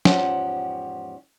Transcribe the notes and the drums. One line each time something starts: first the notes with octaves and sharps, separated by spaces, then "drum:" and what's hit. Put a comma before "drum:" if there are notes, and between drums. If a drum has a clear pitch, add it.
E2 G#2 F3 C#4 G4 F#5, drum: snare